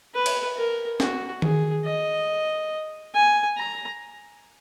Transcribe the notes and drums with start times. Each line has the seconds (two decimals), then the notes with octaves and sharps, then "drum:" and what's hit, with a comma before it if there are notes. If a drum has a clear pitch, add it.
0.14 B4
0.26 drum: cymbal
0.57 A#4
1.00 F#4, drum: snare
1.42 G#4, drum: tom D#3
1.85 D#5
3.14 G#5
3.57 A#5